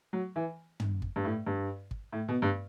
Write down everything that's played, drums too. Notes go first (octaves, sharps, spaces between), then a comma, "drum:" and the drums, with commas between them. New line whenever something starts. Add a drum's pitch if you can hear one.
F#3
E3
drum: tom
drum: kick
G2
A2
G2
drum: kick
A2
B2
G2